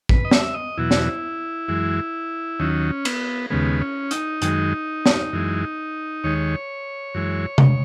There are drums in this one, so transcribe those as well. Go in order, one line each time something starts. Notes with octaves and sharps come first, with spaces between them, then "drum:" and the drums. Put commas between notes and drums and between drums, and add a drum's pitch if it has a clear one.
B4, drum: kick A1
D#5
E5, drum: snare
D#5
E2 B2 F#3 E4
drum: snare
F#2 E3 G#3
D#2 D#3 F#3 C#4
B3, drum: cymbal
D#2 C#3 G#3 B3
C#4
D#4, drum: hi-hat
F#2 D#3 G#3, drum: hi-hat
drum: snare
F#2 E3 G#3
D#2 D#3 G#3 C#5
F#2 E3 G#3
drum: tom C3